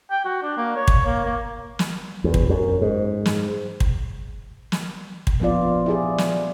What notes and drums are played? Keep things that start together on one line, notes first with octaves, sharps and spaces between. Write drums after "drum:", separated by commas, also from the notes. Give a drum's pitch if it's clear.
G5
F#4
D4
A#3
C#5
drum: kick
A#3
A#3
drum: snare
E2
drum: kick
F#2
G#2
drum: snare
drum: kick
drum: snare
drum: kick
A#2 F3 B3 F4 D5
E4 G4 G#4 D5
drum: snare